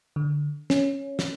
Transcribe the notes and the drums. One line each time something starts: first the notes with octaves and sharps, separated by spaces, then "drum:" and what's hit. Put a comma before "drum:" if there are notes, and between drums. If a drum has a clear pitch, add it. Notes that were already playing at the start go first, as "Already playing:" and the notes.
D3
C#4, drum: snare
drum: snare